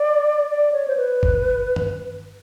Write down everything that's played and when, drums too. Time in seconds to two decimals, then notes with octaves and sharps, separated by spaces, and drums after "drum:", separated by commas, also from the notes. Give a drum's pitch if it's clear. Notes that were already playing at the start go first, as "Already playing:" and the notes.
Already playing: D5
0.49 D5
0.73 C#5
0.88 C5
0.97 B4
1.23 drum: kick G1
1.76 drum: tom G2